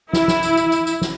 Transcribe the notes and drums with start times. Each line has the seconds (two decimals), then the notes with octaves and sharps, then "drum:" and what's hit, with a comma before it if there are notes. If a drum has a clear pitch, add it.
0.13 E4, drum: snare
0.28 drum: snare
0.43 drum: tambourine
0.57 drum: tambourine
0.72 drum: tambourine
0.87 drum: tambourine
1.02 drum: snare